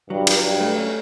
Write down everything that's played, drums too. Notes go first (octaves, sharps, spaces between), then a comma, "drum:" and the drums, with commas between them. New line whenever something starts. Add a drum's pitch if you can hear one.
G2 F#3
F#3, drum: cymbal
G2 F#3
A3
C#4